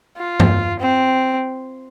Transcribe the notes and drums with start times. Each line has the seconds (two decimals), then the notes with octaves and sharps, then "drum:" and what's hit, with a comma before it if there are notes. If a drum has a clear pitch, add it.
0.17 F4
0.40 drum: tom G2
0.80 C4